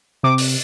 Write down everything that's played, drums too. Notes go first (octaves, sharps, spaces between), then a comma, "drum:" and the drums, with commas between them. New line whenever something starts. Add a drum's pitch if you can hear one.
C3 D6
drum: open hi-hat